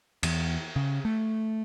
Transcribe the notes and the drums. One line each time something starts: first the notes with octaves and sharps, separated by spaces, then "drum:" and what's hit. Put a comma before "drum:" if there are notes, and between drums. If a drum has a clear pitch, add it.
E2, drum: cymbal
C#3
A3